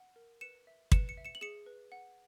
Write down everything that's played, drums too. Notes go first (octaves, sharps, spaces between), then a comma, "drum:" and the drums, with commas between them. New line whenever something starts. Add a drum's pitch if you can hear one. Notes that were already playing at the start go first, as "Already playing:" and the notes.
Already playing: F#5
A#4
B4 C#7 E7
E5
B4 C#7 E7, drum: kick
C#7 E7
E5
C#7 E7
F#7
G#4 C#7 E7
B4
F#5